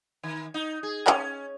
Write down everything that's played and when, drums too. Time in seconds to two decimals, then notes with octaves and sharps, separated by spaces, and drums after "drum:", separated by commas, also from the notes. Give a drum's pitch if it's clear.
0.23 D#3
0.54 D#4
0.83 G#4
1.07 C#4, drum: clap